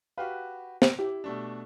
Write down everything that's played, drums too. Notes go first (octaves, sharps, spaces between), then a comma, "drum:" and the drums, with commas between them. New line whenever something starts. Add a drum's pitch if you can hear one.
F#4 G4 B4 F5
drum: snare
E4 G4
B2 A3 D4